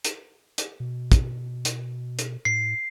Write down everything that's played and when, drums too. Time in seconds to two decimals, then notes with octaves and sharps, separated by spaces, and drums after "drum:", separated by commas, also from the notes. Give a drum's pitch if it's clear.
0.05 drum: hi-hat
0.58 drum: hi-hat
0.80 B2
1.12 drum: kick, hi-hat
1.65 drum: hi-hat
2.19 drum: hi-hat
2.45 A2 C7